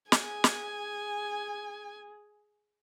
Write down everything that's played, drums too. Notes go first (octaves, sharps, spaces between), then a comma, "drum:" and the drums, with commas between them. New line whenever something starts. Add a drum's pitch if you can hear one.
G#4 G#5, drum: snare
drum: snare